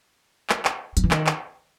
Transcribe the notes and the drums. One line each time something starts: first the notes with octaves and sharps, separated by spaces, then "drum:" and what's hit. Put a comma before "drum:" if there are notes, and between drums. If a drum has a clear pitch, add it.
drum: clap
drum: clap
F#3, drum: hi-hat
E3
D#3, drum: clap
drum: clap